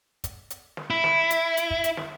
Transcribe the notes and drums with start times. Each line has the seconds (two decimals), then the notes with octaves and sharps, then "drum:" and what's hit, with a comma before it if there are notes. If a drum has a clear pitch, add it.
0.24 drum: kick, hi-hat
0.50 drum: hi-hat
0.77 drum: snare
0.90 E4
1.04 drum: snare
1.31 drum: hi-hat
1.57 drum: hi-hat
1.71 drum: kick
1.84 drum: hi-hat
1.97 drum: snare